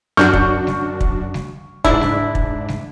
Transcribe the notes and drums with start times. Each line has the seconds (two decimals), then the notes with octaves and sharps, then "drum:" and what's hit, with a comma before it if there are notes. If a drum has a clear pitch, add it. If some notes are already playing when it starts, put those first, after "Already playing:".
0.17 F#2 D4 F#4 C#6 F6 G6
0.33 drum: kick
0.67 drum: snare G3
1.01 drum: kick
1.34 drum: snare G3
1.85 G#2 D4 E4, drum: kick
2.01 drum: snare G3
2.35 drum: kick
2.68 drum: snare G3